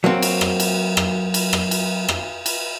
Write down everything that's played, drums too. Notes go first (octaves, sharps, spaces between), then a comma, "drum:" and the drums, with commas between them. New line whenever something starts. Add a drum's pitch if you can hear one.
F#3 A#3 C4
drum: cymbal
drum: rim click
drum: cymbal
drum: rim click
drum: cymbal
drum: rim click
drum: cymbal
drum: rim click
drum: cymbal